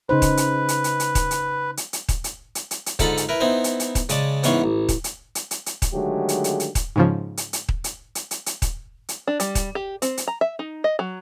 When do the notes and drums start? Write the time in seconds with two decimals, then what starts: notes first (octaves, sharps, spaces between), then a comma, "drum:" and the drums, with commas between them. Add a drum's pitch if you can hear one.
0.09 C#3 D#4 B4 C5
0.22 drum: kick D#1, hi-hat
0.37 drum: hi-hat
0.68 drum: hi-hat
0.84 drum: hi-hat
1.00 drum: hi-hat
1.15 drum: kick D#1, hi-hat
1.31 drum: hi-hat
1.77 drum: hi-hat
1.93 drum: hi-hat
2.09 drum: kick D#1, hi-hat
2.24 drum: hi-hat
2.55 drum: hi-hat
2.71 drum: hi-hat
2.86 drum: hi-hat
2.99 G#2 D3 D#4 F4 A4 B5, drum: kick D#1, hi-hat
3.17 drum: hi-hat
3.29 E4 A#4 B4
3.41 B3 C4 D#4 E4 C5
3.64 drum: hi-hat
3.80 drum: hi-hat
3.95 drum: kick D#1, hi-hat
4.09 C#3 G#3 D5 A5, drum: hi-hat
4.43 G#2 E3 B3 C#4 C6 C#6, drum: hi-hat
4.64 A1
4.89 drum: kick D#1, hi-hat
5.04 drum: hi-hat
5.35 drum: hi-hat
5.51 drum: hi-hat
5.66 drum: hi-hat
5.82 drum: kick D#1, hi-hat
5.94 D3 D#3 F#3 G#3 A3 G4
6.29 drum: hi-hat
6.44 drum: hi-hat
6.60 drum: hi-hat
6.75 drum: kick D#1, hi-hat
6.96 G#2 C#3 F3
7.37 drum: hi-hat
7.53 drum: hi-hat
7.69 drum: kick D#1
7.84 drum: hi-hat
8.15 drum: hi-hat
8.31 drum: hi-hat
8.46 drum: hi-hat
8.62 drum: kick D#1, hi-hat
9.09 drum: hi-hat
9.27 D4
9.40 G3, drum: hi-hat
9.55 drum: kick D#1, hi-hat
9.75 G4
10.02 C4, drum: hi-hat
10.17 drum: hi-hat
10.27 A#5
10.41 E5
10.59 D#4
10.84 D#5
10.99 F#3